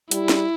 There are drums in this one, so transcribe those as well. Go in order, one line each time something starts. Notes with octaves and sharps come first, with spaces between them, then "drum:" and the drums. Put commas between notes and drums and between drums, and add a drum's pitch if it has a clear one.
G3 E4, drum: hi-hat
drum: snare